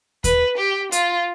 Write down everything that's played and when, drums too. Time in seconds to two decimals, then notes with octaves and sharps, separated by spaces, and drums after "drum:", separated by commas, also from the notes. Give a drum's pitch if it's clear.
0.24 B4, drum: kick D#2, hi-hat
0.58 G4
0.92 F4, drum: hi-hat